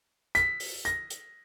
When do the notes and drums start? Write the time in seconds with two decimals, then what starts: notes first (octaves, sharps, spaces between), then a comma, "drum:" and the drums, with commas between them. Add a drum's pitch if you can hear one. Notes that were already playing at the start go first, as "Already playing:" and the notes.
0.35 B6, drum: hi-hat
0.60 drum: open hi-hat
0.85 A#6, drum: hi-hat
1.10 drum: hi-hat